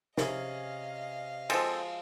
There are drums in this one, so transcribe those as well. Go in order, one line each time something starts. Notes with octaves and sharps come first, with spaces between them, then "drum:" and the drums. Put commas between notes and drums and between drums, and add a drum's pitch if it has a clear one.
C3 C#4 G#4 D#5 F5, drum: snare
F3 G#3 C4 A4, drum: cymbal